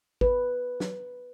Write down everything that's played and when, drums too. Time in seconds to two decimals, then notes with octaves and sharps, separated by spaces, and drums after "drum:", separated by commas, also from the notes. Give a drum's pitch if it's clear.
0.21 B4, drum: kick
0.80 drum: snare